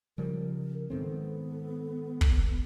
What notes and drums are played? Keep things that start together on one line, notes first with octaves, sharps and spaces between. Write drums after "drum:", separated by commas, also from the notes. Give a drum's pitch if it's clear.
C#3 F3 G3 A#4
G#2 D#3 B3 C4 A4
drum: kick